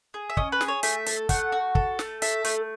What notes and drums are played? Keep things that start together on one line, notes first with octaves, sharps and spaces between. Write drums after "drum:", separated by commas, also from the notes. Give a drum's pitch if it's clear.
G#4
E5
C#4 D#5, drum: kick
B4
G#4, drum: snare
C#5
A3 E5, drum: hi-hat
A4, drum: hi-hat
A3 F#5, drum: kick, hi-hat
F#4
A4, drum: kick
A3, drum: snare
A4 E5, drum: hi-hat
A3, drum: hi-hat